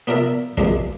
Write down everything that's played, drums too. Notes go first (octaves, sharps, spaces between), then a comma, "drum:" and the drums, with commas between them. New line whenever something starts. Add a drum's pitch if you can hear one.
B3 D4 F4 A#4 D5 E5
F#2 C3 E3 F3 G#3 D4, drum: kick